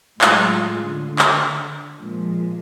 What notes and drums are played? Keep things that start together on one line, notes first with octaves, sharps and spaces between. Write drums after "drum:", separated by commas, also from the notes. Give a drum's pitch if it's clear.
A2 F#3 G#3 F4 G#4, drum: clap
D3
drum: clap
A#2 F3 G#3